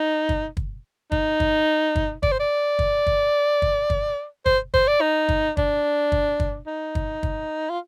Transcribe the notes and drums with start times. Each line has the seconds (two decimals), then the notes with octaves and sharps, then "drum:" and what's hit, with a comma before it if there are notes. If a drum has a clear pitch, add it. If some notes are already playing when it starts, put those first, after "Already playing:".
Already playing: D#4
0.29 drum: kick
0.57 drum: kick
1.12 D#4, drum: kick
1.40 drum: kick
1.96 drum: kick
2.23 D5, drum: kick
2.32 C5
2.40 D5
2.79 drum: kick
3.07 drum: kick
3.62 drum: kick
3.90 drum: kick
4.46 C5, drum: kick
4.74 C5, drum: kick
4.88 D5
5.01 D#4
5.29 drum: kick
5.57 D4, drum: kick
6.12 drum: kick
6.40 drum: kick
6.67 D#4
6.95 drum: kick
7.23 drum: kick
7.70 F4